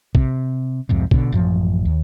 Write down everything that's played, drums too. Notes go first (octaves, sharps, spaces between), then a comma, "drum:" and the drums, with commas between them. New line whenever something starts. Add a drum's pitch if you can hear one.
C3, drum: kick
C2 F2 G#2 C3
B2 D3, drum: kick
A1 F#2 F3
D#2